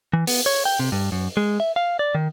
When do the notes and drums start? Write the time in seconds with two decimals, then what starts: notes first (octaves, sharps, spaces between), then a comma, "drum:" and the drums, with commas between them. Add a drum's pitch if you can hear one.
0.13 E3
0.27 B3, drum: open hi-hat
0.46 C#5
0.65 G5
0.80 C3
0.92 G2
1.12 F#2
1.37 G#3
1.60 E5
1.76 F5
1.99 D5
2.15 D#3